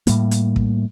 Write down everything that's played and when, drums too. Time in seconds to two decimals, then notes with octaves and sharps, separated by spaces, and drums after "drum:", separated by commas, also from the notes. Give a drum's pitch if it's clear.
0.07 A2 G3 A#3, drum: hi-hat
0.31 drum: hi-hat
0.56 drum: kick